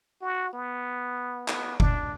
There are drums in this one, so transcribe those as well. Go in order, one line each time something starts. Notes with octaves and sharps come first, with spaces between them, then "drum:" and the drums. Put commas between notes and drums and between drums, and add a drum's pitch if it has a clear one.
F#4
B3
B3, drum: clap
D4, drum: kick F1